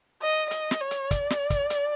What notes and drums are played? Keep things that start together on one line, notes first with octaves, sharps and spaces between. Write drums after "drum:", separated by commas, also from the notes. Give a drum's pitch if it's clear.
D#5
D#5, drum: hi-hat
drum: snare
C#5
drum: hi-hat
D5, drum: kick, hi-hat
drum: snare
drum: kick, hi-hat
drum: hi-hat